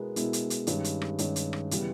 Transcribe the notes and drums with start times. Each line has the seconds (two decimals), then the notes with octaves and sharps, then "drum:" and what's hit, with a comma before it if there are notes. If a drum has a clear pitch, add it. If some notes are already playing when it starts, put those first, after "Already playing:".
Already playing: B2 G#3 B3 E4 A#4
0.16 B2 G#3 B3 E4 A#4, drum: hi-hat
0.33 drum: hi-hat
0.50 drum: hi-hat
0.67 G2 D#3 G#3 C#4, drum: hi-hat
0.84 drum: hi-hat
1.02 drum: rim click
1.18 G2 D#3 G#3 C#4, drum: hi-hat
1.36 drum: hi-hat
1.53 drum: rim click
1.71 C#3 E3 G3 B3, drum: hi-hat